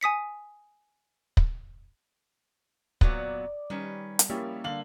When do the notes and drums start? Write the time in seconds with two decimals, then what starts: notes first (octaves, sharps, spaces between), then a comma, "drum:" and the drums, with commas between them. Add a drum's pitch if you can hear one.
0.01 G#5 D#6 B6 C#7
1.37 drum: kick
3.01 A#2 F#3 B3 D5 D#6, drum: kick
3.70 D#3 G3 C#4 B4
4.19 drum: hi-hat
4.30 F3 G3 A#3 C#4 E4
4.64 D3 F5 F#7